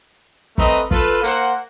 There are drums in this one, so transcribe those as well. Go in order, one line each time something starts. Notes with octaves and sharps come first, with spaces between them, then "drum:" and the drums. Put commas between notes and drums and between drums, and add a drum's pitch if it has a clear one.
A3 C4 B4 D#5 A#5, drum: kick
F4 A4 B4, drum: kick
A#3 C5 F#5, drum: hi-hat